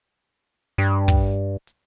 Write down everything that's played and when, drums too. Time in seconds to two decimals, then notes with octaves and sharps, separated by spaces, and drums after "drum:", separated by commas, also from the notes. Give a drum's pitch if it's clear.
0.78 G2, drum: hi-hat
1.08 drum: kick, hi-hat
1.67 drum: hi-hat